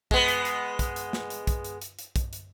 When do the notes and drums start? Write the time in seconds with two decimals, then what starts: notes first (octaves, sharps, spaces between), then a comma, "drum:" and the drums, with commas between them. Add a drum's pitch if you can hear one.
0.11 G#3 B3, drum: kick
0.28 drum: hi-hat
0.45 drum: hi-hat
0.79 drum: kick, hi-hat
0.96 drum: hi-hat
1.13 drum: snare
1.30 drum: hi-hat
1.47 drum: kick, hi-hat
1.64 drum: hi-hat
1.82 drum: hi-hat
1.99 drum: hi-hat
2.16 drum: kick, hi-hat
2.33 drum: hi-hat